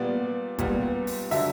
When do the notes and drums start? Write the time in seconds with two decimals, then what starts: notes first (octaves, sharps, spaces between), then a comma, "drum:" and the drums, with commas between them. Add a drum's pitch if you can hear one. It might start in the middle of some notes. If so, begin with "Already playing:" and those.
Already playing: A#2 G3 B3 D5
0.58 A#2 G3 B3, drum: kick G1, hi-hat
1.07 drum: open hi-hat
1.31 D3 F#3 E5, drum: open hi-hat